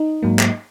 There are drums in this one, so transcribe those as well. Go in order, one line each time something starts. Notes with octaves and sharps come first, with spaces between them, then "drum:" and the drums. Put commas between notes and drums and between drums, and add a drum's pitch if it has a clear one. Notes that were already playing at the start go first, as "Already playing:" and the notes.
Already playing: D#4
G#2 F#3 A#3
drum: clap